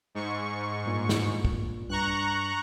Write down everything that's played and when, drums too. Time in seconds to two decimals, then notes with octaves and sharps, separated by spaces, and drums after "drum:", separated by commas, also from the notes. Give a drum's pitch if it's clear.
0.15 G#2 C#6
0.85 G2 A#2
1.09 drum: snare
1.45 drum: kick
1.89 G2 A#5 C#6 F#6